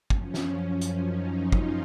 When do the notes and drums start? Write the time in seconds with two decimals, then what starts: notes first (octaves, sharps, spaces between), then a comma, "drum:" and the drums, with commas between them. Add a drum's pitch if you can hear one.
0.10 F#2 F3 C#4, drum: kick
0.34 drum: snare
0.81 drum: hi-hat
1.05 D#4
1.37 F4
1.52 drum: kick